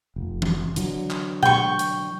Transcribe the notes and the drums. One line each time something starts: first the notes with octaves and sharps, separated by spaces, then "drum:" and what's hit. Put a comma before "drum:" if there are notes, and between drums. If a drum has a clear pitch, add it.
F1
drum: tom E3
D3 E3 F#3, drum: hi-hat
drum: clap
G5 C#6, drum: tom B2
drum: hi-hat